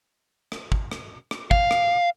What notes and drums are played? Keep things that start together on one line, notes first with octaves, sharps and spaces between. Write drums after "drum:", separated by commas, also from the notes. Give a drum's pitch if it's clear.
drum: rim click
drum: kick
drum: rim click
drum: rim click
F5, drum: kick
drum: rim click